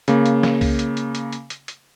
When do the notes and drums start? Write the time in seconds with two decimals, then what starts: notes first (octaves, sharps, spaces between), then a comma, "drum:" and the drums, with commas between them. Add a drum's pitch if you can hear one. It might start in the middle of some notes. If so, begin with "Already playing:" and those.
0.08 C#3 A#3, drum: hi-hat
0.26 drum: hi-hat
0.43 drum: snare
0.61 drum: kick C2, open hi-hat
0.79 drum: hi-hat
0.97 drum: hi-hat
1.15 drum: hi-hat
1.32 drum: hi-hat
1.50 drum: hi-hat
1.68 drum: hi-hat